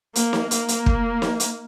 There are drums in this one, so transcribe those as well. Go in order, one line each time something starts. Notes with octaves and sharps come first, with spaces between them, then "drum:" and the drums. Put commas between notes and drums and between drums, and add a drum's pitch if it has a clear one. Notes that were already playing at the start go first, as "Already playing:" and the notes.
A#3, drum: hi-hat
drum: snare
A#3, drum: hi-hat
drum: hi-hat
drum: kick
drum: snare
drum: hi-hat